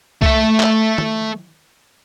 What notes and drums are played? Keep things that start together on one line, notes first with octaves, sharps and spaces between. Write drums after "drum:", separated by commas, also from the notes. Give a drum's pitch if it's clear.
A3 E5, drum: kick C2
drum: clap
drum: tom